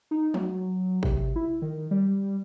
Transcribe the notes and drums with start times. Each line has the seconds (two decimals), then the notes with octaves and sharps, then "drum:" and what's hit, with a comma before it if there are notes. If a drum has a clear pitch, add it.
0.11 D#4
0.34 F#3, drum: tom
1.03 C3, drum: kick G#1
1.36 E4
1.62 D#3
1.91 G3